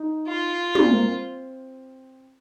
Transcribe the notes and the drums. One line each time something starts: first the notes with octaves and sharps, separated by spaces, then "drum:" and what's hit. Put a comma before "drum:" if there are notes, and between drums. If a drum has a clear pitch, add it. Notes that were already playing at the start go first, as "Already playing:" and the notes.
Already playing: D#4
F4
D4, drum: tom
C4
A#3
C4